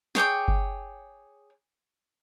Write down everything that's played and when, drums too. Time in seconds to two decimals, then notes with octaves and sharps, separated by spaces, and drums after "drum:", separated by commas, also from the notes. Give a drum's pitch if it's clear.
0.15 G#4 C#5 G5 D6, drum: snare
0.48 drum: kick G1